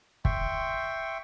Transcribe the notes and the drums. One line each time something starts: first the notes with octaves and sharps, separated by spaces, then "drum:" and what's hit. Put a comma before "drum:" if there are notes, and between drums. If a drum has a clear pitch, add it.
E5 G5 C6 C#6, drum: kick